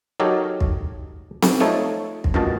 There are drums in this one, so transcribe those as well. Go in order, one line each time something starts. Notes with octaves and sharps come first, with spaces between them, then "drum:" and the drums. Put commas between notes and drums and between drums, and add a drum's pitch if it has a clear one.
F#3 D#4 G4 A4 A#4 C#5
drum: kick
drum: snare C4
F3 A3 D#4 A4 C#5
drum: kick
A1 G2 A#2 F#4 D#5 A5